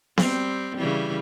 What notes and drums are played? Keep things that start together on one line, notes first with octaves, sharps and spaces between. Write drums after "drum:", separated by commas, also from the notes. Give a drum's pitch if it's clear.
G3 C4, drum: snare B3
C#3 E3 G3